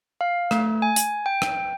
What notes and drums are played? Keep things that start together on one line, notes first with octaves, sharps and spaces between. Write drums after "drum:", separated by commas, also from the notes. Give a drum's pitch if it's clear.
F5
A3, drum: rim click
G#5
drum: hi-hat
G5
drum: rim click